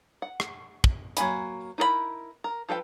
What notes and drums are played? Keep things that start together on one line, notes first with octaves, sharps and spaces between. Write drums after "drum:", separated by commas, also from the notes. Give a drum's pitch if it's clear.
F#5
drum: rim click
drum: kick
F#3 A#3 G#5 B5, drum: hi-hat
D#4 E4 A#4 C5 B5
A#4
F3 A4 B4 G5